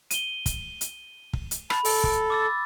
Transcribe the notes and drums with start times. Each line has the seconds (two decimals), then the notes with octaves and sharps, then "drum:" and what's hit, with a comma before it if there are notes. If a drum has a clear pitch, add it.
0.11 D#7 G7, drum: hi-hat
0.46 drum: kick, hi-hat
0.81 drum: hi-hat
1.33 drum: kick
1.51 drum: hi-hat
1.70 A5 B5, drum: rim click
1.85 A4, drum: open hi-hat
2.04 drum: kick
2.30 D6 E6 A6